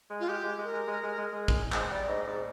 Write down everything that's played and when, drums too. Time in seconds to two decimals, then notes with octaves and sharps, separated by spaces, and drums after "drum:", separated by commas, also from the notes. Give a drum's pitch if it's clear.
0.10 G#3
0.20 F4
0.28 G#3 G4
0.43 G#3
0.58 G#3
0.64 A#4
0.72 G#3
0.88 G#3
1.03 G#3
1.18 G#3
1.32 G#3
1.48 drum: kick
1.72 G#3 C5, drum: clap
1.90 G3 D5
2.08 G#2 D#5
2.26 G#2 D5